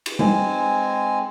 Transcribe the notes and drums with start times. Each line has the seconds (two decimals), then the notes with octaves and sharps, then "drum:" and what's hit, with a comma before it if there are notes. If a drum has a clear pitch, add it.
0.06 drum: cymbal
0.19 G#3 C4 G#5, drum: tom G3